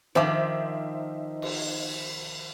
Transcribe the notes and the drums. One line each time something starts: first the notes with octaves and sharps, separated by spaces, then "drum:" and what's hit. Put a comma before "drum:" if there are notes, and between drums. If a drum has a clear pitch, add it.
D#3 F3 D#4 C5 E5 D6
drum: cymbal